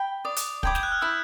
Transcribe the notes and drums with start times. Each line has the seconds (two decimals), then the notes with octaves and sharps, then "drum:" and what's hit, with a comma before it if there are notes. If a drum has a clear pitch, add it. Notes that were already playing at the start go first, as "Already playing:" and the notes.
Already playing: G5 B5
0.25 D5 D#6
0.37 drum: hi-hat
0.63 G5 B5 D6 G#6, drum: kick
0.75 G6, drum: snare
0.83 F#6
0.92 F6
1.01 E4 E6